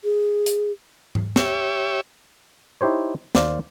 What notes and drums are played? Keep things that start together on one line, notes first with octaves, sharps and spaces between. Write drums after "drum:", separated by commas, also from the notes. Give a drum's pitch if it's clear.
G#4
drum: hi-hat
drum: tom G#2
G4 C#5 E5, drum: snare
D#4 E4 G4 C5 C#5
D#2 C5 D5 F5, drum: snare